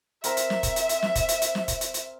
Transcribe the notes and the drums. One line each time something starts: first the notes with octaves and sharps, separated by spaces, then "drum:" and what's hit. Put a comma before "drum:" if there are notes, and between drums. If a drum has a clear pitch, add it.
C4 A#4 E5 A#5, drum: hi-hat
drum: hi-hat
drum: snare
drum: kick, hi-hat
drum: hi-hat
drum: hi-hat
drum: snare
drum: kick, hi-hat
drum: hi-hat
drum: hi-hat
drum: snare
drum: kick, hi-hat
drum: hi-hat
drum: hi-hat